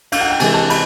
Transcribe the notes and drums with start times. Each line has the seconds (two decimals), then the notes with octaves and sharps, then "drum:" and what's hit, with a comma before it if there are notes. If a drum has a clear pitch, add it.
0.12 F5, drum: cymbal
0.21 F#5
0.30 G5
0.40 C3 E3 G#3 G#5, drum: cymbal
0.54 A5
0.70 B5, drum: cymbal